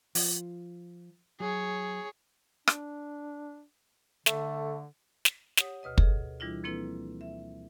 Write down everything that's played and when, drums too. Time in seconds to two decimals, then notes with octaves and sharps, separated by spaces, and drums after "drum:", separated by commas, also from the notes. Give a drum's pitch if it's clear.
0.15 F3, drum: open hi-hat
1.40 F#3 G#4 C#5
2.67 D4, drum: rim click
4.26 D3 A3, drum: snare
5.25 drum: snare
5.57 G4 C#5 F#5 D#6, drum: snare
5.83 D2 B2 B4 D#5
5.98 G#4 A4 D#5, drum: kick
6.40 E3 G3 D4 E4 F4
6.64 F3 A#3 C4 E4 A4 B4
7.21 E5